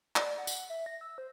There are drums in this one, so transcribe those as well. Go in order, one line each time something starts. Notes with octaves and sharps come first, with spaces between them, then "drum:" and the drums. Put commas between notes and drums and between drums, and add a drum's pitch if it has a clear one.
D5, drum: clap
F#5
drum: tambourine
E5
A#6
E6
C5